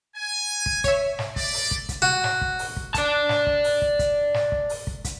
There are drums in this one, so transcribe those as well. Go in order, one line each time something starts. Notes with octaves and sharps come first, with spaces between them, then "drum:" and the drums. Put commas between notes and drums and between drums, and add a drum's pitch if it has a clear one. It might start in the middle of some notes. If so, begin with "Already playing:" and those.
G#5
drum: kick
C#5 E5, drum: kick, hi-hat
drum: snare
A3 D5, drum: kick
drum: open hi-hat
drum: kick
drum: kick, hi-hat
F#4
drum: snare
drum: kick
drum: open hi-hat
drum: kick
D5 A5, drum: kick, hi-hat
drum: snare
drum: kick
drum: open hi-hat
drum: kick
drum: kick, hi-hat
drum: snare
drum: kick
drum: open hi-hat
drum: kick
drum: kick, hi-hat